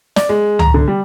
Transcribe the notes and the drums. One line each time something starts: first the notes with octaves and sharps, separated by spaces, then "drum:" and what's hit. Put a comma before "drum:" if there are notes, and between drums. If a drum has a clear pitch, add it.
D5, drum: snare
G#3
A#5, drum: tom C#2
D3
G3